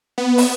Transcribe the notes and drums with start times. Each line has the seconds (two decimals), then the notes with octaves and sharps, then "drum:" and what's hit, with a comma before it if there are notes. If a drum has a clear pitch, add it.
0.18 B3
0.38 drum: open hi-hat